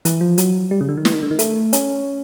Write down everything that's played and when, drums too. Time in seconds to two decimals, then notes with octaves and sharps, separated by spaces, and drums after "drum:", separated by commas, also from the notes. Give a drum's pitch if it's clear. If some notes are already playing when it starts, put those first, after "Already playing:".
0.05 E3, drum: hi-hat
0.21 F3
0.38 F#3, drum: hi-hat
0.71 G3
0.81 C#3
0.89 D3
0.98 D#3
1.05 E3, drum: snare
1.14 D#3
1.23 D3
1.31 D#3
1.39 A3, drum: hi-hat
1.73 C#4, drum: hi-hat